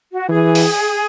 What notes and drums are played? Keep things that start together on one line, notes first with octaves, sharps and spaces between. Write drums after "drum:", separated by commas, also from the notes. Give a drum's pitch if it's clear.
F#4
E3 G#4
drum: open hi-hat